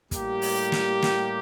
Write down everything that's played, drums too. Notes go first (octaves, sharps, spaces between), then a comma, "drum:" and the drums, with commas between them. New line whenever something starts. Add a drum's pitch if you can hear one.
A2 G3 A#3 G4, drum: kick, hi-hat
drum: open hi-hat
drum: snare
drum: snare